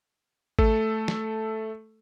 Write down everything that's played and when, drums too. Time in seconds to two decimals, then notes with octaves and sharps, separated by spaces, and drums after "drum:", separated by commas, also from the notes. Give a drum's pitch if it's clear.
0.59 A3 A4, drum: kick G#1
1.08 drum: snare